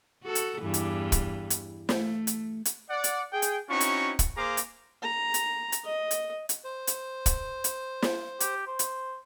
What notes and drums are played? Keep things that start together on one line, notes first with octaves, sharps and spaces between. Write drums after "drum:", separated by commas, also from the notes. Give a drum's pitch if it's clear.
F#4 A4
drum: hi-hat
E2 G2 E3
drum: hi-hat
drum: kick, hi-hat
drum: hi-hat
A3, drum: snare
drum: hi-hat
drum: hi-hat
D5 F#5
drum: hi-hat
G#4 G5
drum: hi-hat
C4 C#4 D#4 E4 F#4 C#6
drum: hi-hat
drum: kick, hi-hat
A#3 G#4 C5 F5 A#5 D6
drum: hi-hat
A#5
drum: hi-hat
drum: hi-hat
D#5
drum: hi-hat
drum: hi-hat
C5
drum: hi-hat
drum: kick, hi-hat
drum: hi-hat
drum: snare
G4, drum: hi-hat
C5
drum: hi-hat